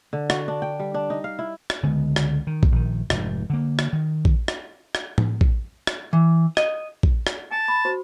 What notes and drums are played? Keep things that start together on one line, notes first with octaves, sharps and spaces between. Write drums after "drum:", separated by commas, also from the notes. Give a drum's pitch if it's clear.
D3
F#4, drum: rim click
D4
G5
G3
D4
D#4
F5
E4
drum: rim click
C#2 D3 G#3 B3
drum: rim click
D#3
drum: kick
A#1 D#3
F1 G#2, drum: rim click
D3 A#3
drum: rim click
D#3
drum: kick
drum: rim click
drum: rim click
drum: tom A2
drum: kick
drum: rim click
E3
D#5, drum: rim click
drum: kick
drum: rim click
G#5 A5
B5
F#4 C5